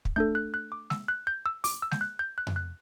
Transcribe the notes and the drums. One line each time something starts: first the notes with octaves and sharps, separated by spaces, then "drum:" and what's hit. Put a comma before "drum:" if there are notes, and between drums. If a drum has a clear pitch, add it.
drum: kick
A3 D4 A4 G6
F#6
F#6
D6
E6, drum: snare G#3
F#6
G6
E6
D6, drum: open hi-hat
E6
G6, drum: snare G#3
F#6
G6
F#6
drum: tom F2
F#6